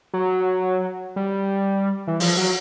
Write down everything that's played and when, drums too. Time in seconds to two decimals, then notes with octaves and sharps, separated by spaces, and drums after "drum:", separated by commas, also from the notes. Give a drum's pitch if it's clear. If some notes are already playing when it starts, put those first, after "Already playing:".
0.13 F#3
1.16 G3
2.07 E3
2.20 F3, drum: open hi-hat
2.37 F#3